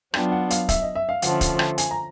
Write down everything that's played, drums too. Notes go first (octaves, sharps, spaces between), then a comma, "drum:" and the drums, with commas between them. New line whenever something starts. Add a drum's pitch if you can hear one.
F#3 B3 D4 F4 G5, drum: rim click
F#5
F5, drum: hi-hat
E5, drum: kick, hi-hat
D#5
E5
F5
D3 F3 A3 C#4 F#5, drum: hi-hat
drum: kick, hi-hat
drum: rim click
G#5, drum: hi-hat
A#5